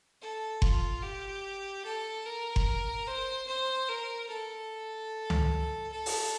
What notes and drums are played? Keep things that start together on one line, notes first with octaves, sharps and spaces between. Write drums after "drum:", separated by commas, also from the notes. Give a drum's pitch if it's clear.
A4
F4, drum: kick F#1
G4
A4
A#4
drum: kick F#1
C5
C5
A#4
A4
drum: tom C#2
A4
drum: open hi-hat